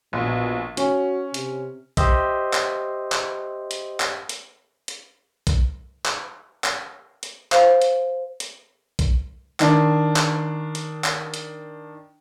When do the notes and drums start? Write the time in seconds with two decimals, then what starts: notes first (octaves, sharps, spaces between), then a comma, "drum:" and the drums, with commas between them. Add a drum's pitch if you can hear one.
0.13 A#1 B2
0.77 C#4 F#4, drum: hi-hat
1.34 C3, drum: hi-hat
1.97 G4 C5 D#5 E5, drum: kick B1, hi-hat
2.53 drum: clap
3.12 drum: clap
3.71 drum: hi-hat
4.00 drum: clap
4.29 drum: hi-hat
4.88 drum: hi-hat
5.47 drum: kick B1, hi-hat
6.05 drum: clap
6.64 drum: clap
7.23 drum: hi-hat
7.52 C5 F5, drum: clap
7.82 drum: hi-hat
8.40 drum: hi-hat
8.99 drum: kick B1, hi-hat
9.60 D#3 D4, drum: clap
10.16 drum: clap
10.75 drum: hi-hat
11.04 drum: clap
11.34 drum: hi-hat